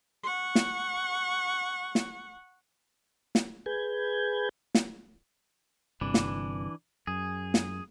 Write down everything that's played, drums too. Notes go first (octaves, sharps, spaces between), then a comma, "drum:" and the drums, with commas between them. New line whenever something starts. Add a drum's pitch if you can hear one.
F#5 C#6
drum: snare
drum: snare
drum: snare
G#4 B4 G6 G#6
drum: snare
G1 G2 C3 E3 D4
drum: snare
F#2 G#4
drum: snare